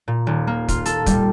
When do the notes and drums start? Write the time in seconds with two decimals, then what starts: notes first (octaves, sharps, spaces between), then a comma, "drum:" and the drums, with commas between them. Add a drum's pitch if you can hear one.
0.08 A#2
0.27 D#1
0.47 A#3
0.69 F4, drum: kick, hi-hat
0.86 A4, drum: hi-hat
1.06 G3, drum: kick, hi-hat